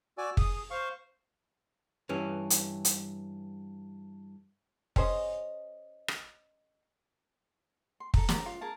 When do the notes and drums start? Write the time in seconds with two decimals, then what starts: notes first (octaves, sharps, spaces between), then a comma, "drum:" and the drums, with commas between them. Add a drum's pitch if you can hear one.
0.18 F#4 D5 G#5 E6
0.37 G#4 D#6, drum: kick
0.71 C5 F5 C#6
2.09 G2 E3 C#4
2.50 drum: hi-hat
2.85 drum: hi-hat
4.96 C#4 G#4 C5 D#5, drum: kick
6.08 drum: rim click
8.00 C6
8.14 A4 A#5, drum: kick
8.29 G4 A#4, drum: snare
8.46 F4
8.61 G#4 A#4 A5